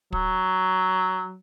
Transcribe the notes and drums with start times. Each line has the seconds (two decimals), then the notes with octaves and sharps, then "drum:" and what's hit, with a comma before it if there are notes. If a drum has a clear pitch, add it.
0.12 F#3, drum: kick